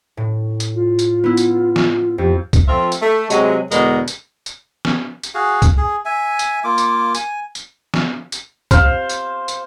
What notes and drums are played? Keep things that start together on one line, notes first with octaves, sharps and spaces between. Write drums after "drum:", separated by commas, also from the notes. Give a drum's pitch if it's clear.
A2
drum: tambourine
F4
drum: tambourine
B3 E4
drum: tambourine
drum: snare
F2 G4
drum: kick, tambourine
F3 A3 C4 F4 E5
drum: tambourine
A3
C3 F#3 G#3, drum: tambourine
E2 B2 D3 G#3 B3 A#4, drum: tambourine
drum: tambourine
drum: tambourine
drum: snare
drum: tambourine
F#4 G#4 F5
drum: kick, tambourine
G#4
E5 G#5
drum: tambourine
A#3 F4 D6
drum: tambourine
G#5, drum: tambourine
drum: tambourine
drum: snare
drum: tambourine
C5 F5, drum: kick, tambourine
drum: tambourine
drum: tambourine